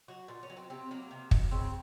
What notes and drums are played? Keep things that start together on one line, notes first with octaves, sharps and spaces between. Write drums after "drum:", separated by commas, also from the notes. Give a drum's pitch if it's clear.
F#3 F#4
A#2 F4
C#4
F#3
C4
C3 C4
F#3 A#3
C3
F#3, drum: kick
C#3 C4